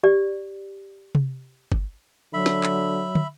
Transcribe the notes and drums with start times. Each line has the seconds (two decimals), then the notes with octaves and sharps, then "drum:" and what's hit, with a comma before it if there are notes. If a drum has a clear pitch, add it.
0.03 G4 D5
1.15 drum: tom C3
1.72 drum: kick G1
2.34 D3 F#3 E5 B5
2.46 drum: snare
2.63 drum: clap
3.15 drum: tom